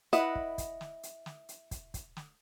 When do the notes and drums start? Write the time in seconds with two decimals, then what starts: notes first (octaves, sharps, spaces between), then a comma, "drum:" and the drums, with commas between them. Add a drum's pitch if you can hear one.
0.13 E4 B4 D#5 F#5, drum: hi-hat
0.35 drum: kick
0.58 drum: kick, hi-hat
0.81 drum: snare
1.03 drum: hi-hat
1.26 drum: snare
1.49 drum: hi-hat
1.71 drum: kick, hi-hat
1.94 drum: kick, hi-hat
2.17 drum: snare